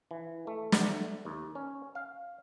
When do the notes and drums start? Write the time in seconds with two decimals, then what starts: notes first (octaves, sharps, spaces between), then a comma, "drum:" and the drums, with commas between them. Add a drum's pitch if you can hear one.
0.11 E3
0.47 A3
0.72 drum: snare
1.25 D#2
1.55 C#4
1.95 F5